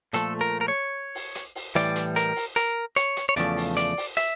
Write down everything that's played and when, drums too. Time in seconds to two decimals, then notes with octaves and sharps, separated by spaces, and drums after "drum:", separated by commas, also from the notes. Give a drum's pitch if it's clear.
0.13 A#2 F3 A3 A4, drum: hi-hat
0.41 A#4
0.61 A#4
0.68 C#5
1.15 drum: open hi-hat
1.35 drum: hi-hat
1.55 drum: open hi-hat
1.75 A2 E3 G3 D5, drum: hi-hat
1.96 drum: hi-hat
2.16 A#4, drum: hi-hat
2.36 drum: open hi-hat
2.56 A#4, drum: hi-hat
2.96 C#5, drum: hi-hat
3.17 drum: hi-hat
3.29 C#5
3.36 E2 C#3 F3 A3 D5, drum: hi-hat
3.57 drum: open hi-hat
3.77 D5, drum: hi-hat
3.97 drum: open hi-hat
4.17 E5, drum: hi-hat